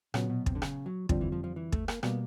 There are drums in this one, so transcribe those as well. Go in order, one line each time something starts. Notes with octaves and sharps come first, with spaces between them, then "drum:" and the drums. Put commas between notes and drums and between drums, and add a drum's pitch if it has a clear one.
A#2 C#3 F#3 B3, drum: rim click
B2
C3, drum: kick
D3
C#3, drum: rim click
F#3
F2 D3 F3 G3 C4 F4, drum: kick
E3
F3
F3
E3
A3, drum: kick
A#3, drum: rim click
B2 G3 A#3 B3, drum: rim click